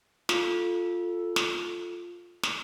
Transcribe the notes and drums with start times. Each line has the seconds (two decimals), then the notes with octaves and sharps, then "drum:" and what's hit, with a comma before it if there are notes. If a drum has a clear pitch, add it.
0.29 F4 A4, drum: snare
1.36 drum: snare
2.43 drum: snare